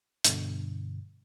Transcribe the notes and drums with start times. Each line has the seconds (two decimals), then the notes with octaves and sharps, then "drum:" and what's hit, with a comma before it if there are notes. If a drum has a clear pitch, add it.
0.24 G2 B2 D3, drum: hi-hat